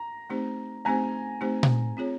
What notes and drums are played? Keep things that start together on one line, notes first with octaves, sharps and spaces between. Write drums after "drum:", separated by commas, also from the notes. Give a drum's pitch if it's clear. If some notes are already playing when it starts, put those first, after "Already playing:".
Already playing: A#5
A3 C4 D#4 G4 C5
A3 C4 D#4 G4 C5 G#5 A#5
A3 C4 D#4 G4 C5
drum: tom A#2
C4 F4 G#4 C#5